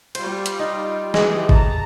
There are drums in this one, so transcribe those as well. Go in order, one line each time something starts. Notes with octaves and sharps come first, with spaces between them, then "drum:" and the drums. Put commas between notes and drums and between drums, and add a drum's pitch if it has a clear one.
G3 F4 C5, drum: cymbal
drum: hi-hat
D#4
E3 G#3 G4 G#4, drum: snare
A5 A#5, drum: kick G#1